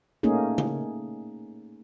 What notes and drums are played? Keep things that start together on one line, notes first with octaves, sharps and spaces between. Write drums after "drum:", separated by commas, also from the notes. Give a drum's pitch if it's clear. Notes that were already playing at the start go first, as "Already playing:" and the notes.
A3 A#3 C#4 D#4 G#4
drum: tom